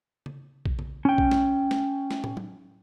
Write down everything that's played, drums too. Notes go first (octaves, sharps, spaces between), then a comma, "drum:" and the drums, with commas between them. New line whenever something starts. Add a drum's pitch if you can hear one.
drum: tom C#3
drum: kick A#1
drum: tom C#3
C#4 G5
drum: kick A#1
drum: snare
drum: snare
drum: snare
drum: tom
drum: tom F#3